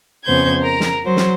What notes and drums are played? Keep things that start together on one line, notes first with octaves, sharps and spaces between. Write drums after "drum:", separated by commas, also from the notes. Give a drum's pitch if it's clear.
F2 C#3 B3 C5 G6 G#6
A#4 A#5
drum: snare
F#3 C5
drum: snare